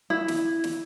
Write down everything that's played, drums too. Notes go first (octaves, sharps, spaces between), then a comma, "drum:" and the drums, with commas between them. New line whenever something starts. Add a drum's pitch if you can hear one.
E4
drum: snare
drum: snare